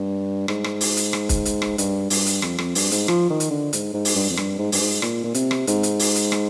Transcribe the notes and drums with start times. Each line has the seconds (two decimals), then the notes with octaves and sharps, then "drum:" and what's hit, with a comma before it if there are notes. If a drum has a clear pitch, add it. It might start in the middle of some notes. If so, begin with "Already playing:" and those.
Already playing: G2
0.48 G#2, drum: rim click
0.64 drum: rim click
0.81 drum: open hi-hat
0.97 drum: hi-hat
1.13 drum: rim click
1.29 drum: kick, hi-hat
1.45 drum: hi-hat
1.62 drum: rim click
1.78 G2, drum: hi-hat
2.10 G2, drum: open hi-hat
2.27 drum: hi-hat
2.42 F2, drum: rim click
2.58 F2, drum: rim click
2.75 G2, drum: open hi-hat
2.92 G#2, drum: hi-hat
3.08 F3, drum: rim click
3.30 D#3
3.40 drum: hi-hat
3.50 D3
3.73 G#2, drum: hi-hat
3.93 G#2
4.05 drum: open hi-hat
4.15 G2
4.30 F2
4.37 G2, drum: rim click
4.58 G#2
4.72 G2, drum: open hi-hat
4.80 G#2
5.02 A#2, drum: rim click
5.24 A#2
5.34 C3, drum: hi-hat
5.51 drum: rim click
5.67 G#2, drum: hi-hat
5.83 drum: hi-hat
5.99 drum: open hi-hat
6.16 drum: hi-hat
6.32 drum: rim click